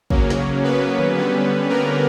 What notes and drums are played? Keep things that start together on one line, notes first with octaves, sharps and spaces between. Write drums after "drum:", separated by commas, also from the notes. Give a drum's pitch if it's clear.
C#3 F#3 A#3 C#4, drum: kick
drum: snare
B3 B4
drum: tom D3
D3 G3 C#4
A#3 A#4